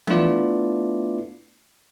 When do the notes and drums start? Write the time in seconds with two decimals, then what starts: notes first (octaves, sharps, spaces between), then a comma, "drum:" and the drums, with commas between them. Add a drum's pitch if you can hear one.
0.07 A3 B3 D4 E4 F4 D5, drum: tom E3